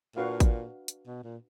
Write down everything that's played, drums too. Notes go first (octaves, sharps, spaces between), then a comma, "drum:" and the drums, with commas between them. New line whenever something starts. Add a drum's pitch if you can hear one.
A#2 D4 F#4 B4 F5
drum: kick G#1, hi-hat
drum: hi-hat
B2
A#2